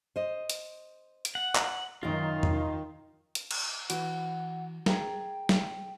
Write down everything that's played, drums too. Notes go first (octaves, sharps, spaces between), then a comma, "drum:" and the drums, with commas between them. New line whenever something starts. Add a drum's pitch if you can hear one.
C5 D#5
drum: hi-hat
drum: hi-hat
F#5
drum: clap
F#2 D#3 F4 A#4
drum: tom E2
drum: hi-hat
drum: cymbal
E3 F#4 F#5, drum: hi-hat
G#4 A#4 G5, drum: snare
drum: snare